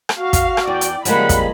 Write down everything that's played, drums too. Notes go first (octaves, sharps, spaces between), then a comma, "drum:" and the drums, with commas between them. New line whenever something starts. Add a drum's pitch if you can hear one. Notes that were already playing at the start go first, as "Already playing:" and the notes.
drum: rim click
F#4 F5
drum: kick, hi-hat
drum: rim click
E2 D5 G5
drum: hi-hat
C#3 F3 G3 G#3 A#3 F#5 B5, drum: hi-hat
drum: kick, hi-hat